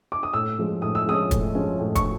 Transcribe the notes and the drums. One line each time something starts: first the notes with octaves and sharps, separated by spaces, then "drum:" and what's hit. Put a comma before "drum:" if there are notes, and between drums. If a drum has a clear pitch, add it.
D6
D#6
A2 E6
F3 G#3 C#4
A2 D#6
E6
F3 G#3 C#4 D#6
A2, drum: kick, hi-hat
F3 G#3 C#4
A2
C#6, drum: kick, hi-hat